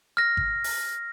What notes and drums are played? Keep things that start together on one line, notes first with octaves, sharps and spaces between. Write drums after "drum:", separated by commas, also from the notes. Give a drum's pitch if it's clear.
F6 A#6
drum: kick G#1
drum: open hi-hat